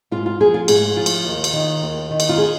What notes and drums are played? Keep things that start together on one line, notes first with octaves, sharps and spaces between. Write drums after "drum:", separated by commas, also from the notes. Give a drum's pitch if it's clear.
G#2 F4
F4
F3 G#4
F4
G#2 G#4, drum: cymbal
F3 F4
drum: cymbal
D#2
drum: cymbal
D#3
D#2
D#3
drum: cymbal
F4
G#4